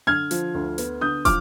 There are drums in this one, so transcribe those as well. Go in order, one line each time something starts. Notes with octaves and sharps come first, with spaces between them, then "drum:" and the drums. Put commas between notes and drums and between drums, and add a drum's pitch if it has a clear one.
D3 F6 G#6
F3, drum: hi-hat
D2
B3, drum: hi-hat
D3 D#6 G6
F3 D6 F6, drum: kick, hi-hat